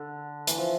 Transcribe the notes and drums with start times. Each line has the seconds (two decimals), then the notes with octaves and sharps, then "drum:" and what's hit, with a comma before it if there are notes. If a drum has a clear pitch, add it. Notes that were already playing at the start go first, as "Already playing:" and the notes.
Already playing: D3
0.47 E3, drum: hi-hat
0.58 F3